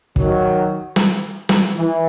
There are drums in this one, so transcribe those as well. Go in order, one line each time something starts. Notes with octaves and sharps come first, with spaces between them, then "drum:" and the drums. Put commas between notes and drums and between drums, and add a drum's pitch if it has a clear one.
D#3 F#3, drum: kick
drum: snare
drum: snare
E3